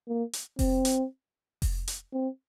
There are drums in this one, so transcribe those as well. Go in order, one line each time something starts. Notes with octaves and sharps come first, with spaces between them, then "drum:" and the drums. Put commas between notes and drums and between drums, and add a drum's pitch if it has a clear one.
A#3
drum: hi-hat
C4, drum: kick F1, open hi-hat
drum: hi-hat
drum: kick F1, open hi-hat
drum: hi-hat
C4